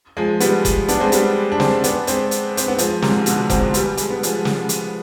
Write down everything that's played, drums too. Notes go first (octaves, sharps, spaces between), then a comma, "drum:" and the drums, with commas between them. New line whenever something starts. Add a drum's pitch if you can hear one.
F3 G#3
G3 B3, drum: hi-hat
drum: kick F1, hi-hat
B3 D4, drum: hi-hat
G#3 C4
G3 B3, drum: hi-hat
D4
G#3 C4, drum: snare
B3 D4, drum: hi-hat
G#3 C4, drum: hi-hat
drum: hi-hat
C4, drum: hi-hat
B3
F3 G#3, drum: hi-hat
G#2 C3, drum: snare
B2 D3, drum: hi-hat
G#3 C4, drum: kick F1, hi-hat
G3 B3, drum: hi-hat
G#3, drum: hi-hat
B3
F3 G#3, drum: hi-hat
drum: snare
drum: hi-hat